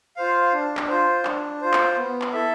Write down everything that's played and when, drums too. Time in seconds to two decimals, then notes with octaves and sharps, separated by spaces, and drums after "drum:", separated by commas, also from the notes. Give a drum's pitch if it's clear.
0.17 F4 C5 F5
0.53 D4
0.77 drum: clap
0.89 F4 C5
1.25 D4, drum: clap
1.61 F4 C5
1.73 drum: clap
1.97 B3
2.22 drum: clap
2.33 E4 A4 E5